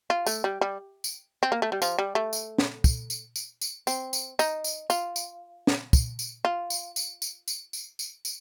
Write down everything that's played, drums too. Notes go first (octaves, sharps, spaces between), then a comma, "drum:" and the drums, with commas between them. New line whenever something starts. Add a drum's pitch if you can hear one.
F4
A3, drum: tambourine
G3
G3
drum: tambourine
C4
A#3
A3
G3
F3, drum: tambourine
G3
A3
drum: tambourine
drum: snare
drum: kick, tambourine
drum: tambourine
drum: tambourine
drum: tambourine
C4, drum: tambourine
drum: tambourine
D#4, drum: tambourine
drum: tambourine
F4, drum: tambourine
drum: tambourine
drum: snare
drum: kick, tambourine
drum: tambourine
F4
drum: tambourine
drum: tambourine
drum: tambourine
drum: tambourine
drum: tambourine
drum: tambourine
drum: tambourine